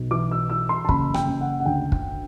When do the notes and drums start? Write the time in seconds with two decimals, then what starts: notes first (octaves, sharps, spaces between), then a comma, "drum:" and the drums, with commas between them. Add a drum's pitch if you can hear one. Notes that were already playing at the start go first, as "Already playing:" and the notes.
Already playing: B1
0.11 E3 D6
0.31 E6
0.50 E3 E6
0.69 C6
0.85 A5
0.89 F#1 B5, drum: kick
1.14 G5, drum: rim click
1.27 F#1
1.41 F#5
1.60 F#5
1.66 D2 G5
1.92 drum: kick